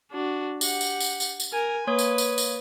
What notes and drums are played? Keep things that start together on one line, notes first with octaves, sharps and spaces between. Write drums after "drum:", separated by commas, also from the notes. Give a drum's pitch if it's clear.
D4 F#4
G4 F#5, drum: tambourine
drum: tambourine
drum: tambourine
drum: tambourine
drum: tambourine
A#4 G#5
A#3 B4 C#5 D#6
drum: tambourine
drum: tambourine
drum: tambourine